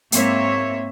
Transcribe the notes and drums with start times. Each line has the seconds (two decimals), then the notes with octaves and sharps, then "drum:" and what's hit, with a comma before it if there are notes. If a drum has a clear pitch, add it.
0.12 G#2 A#3 C4 C#5 E5, drum: hi-hat